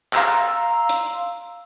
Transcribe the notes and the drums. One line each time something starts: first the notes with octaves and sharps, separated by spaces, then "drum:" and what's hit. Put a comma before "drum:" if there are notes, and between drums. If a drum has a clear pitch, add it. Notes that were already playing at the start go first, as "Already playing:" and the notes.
F5 A#5 C6 E6, drum: clap
drum: hi-hat